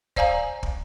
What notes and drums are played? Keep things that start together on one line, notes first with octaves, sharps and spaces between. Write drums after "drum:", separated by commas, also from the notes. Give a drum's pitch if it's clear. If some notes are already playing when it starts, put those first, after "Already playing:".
C5 D5 F5 G#5 A#5, drum: kick
drum: kick